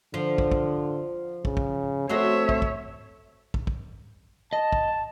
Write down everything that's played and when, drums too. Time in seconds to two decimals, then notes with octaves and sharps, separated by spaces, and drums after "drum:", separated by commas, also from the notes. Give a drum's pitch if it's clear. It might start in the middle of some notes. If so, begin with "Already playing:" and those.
0.14 D3 F3
0.38 drum: kick
0.52 drum: kick
1.45 C#3, drum: kick
1.57 drum: kick
2.09 A3 C4 F#4 C5 C#5 E5
2.49 drum: kick
2.62 drum: kick
3.54 drum: kick
3.67 drum: kick
4.53 D#5 A5
4.73 drum: kick